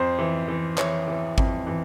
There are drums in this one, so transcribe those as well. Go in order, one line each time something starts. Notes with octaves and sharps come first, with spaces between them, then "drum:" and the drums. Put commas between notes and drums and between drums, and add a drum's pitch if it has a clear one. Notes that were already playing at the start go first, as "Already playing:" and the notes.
Already playing: F2 C5
E3
E3
E3 C#5, drum: clap
E3
F2, drum: kick G#1
E3